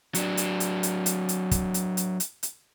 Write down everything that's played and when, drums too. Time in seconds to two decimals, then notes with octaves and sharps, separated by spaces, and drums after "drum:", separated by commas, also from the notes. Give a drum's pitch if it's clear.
0.15 F#3 D4, drum: hi-hat
0.37 drum: hi-hat
0.60 drum: hi-hat
0.83 drum: hi-hat
1.06 drum: hi-hat
1.29 drum: hi-hat
1.51 drum: kick, hi-hat
1.74 drum: hi-hat
1.97 drum: hi-hat
2.20 drum: hi-hat
2.43 drum: hi-hat